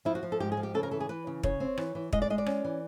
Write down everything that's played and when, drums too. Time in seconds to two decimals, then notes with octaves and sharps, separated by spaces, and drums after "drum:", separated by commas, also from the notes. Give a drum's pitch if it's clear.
0.05 F3 E4
0.15 F#4
0.23 F3
0.32 A4
0.40 G#2 G4
0.52 G#4
0.57 F3
0.63 G4
0.74 C#3 A4
0.83 A#4
0.91 E3 A4
1.00 G#4
1.09 E3 B4
1.27 C#3
1.43 C#3 C#5, drum: kick
1.60 C4
1.78 E3, drum: rim click
1.95 E3
2.13 G#3 D#5, drum: kick
2.22 D5
2.30 G#3 D#5
2.38 D5
2.46 C#4, drum: rim click
2.65 E3